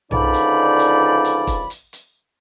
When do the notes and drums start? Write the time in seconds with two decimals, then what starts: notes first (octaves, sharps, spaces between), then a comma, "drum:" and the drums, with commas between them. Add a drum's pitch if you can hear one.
0.11 C#2 D3 F3 D#4 D5 B5, drum: tom B1
0.34 drum: hi-hat
0.79 drum: hi-hat
1.25 drum: hi-hat
1.47 drum: kick E1, hi-hat
1.70 drum: hi-hat
1.93 drum: hi-hat